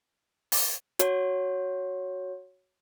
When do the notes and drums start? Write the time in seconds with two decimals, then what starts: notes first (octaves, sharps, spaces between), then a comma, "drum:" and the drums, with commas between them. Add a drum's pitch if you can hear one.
0.52 drum: open hi-hat
0.99 F#4 C#5, drum: hi-hat